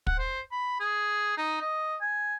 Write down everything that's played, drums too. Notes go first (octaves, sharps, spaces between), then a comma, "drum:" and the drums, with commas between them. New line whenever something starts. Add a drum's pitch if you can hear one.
F#5, drum: kick
C5
B5
G#4
D#4
D#5
G#5